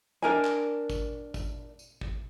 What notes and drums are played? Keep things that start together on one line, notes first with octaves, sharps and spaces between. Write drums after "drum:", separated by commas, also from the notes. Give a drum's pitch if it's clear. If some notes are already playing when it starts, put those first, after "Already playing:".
D4 D#4 A#4 G#5
drum: clap
drum: kick, tambourine
drum: kick, tambourine
drum: tambourine
drum: kick